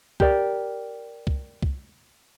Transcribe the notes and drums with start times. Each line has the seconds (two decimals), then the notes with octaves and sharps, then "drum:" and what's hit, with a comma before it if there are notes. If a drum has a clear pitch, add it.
0.20 G4 A#4 D5, drum: kick C2
1.27 drum: kick C2
1.63 drum: kick C2